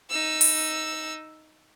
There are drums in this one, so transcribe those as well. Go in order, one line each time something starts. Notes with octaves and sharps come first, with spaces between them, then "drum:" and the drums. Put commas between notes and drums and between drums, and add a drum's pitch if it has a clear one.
D#4 E6
drum: open hi-hat